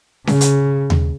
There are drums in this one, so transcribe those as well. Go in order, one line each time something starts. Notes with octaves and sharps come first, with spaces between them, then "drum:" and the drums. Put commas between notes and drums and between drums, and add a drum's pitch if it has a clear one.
C#3, drum: snare C#4
drum: hi-hat
drum: tom D#2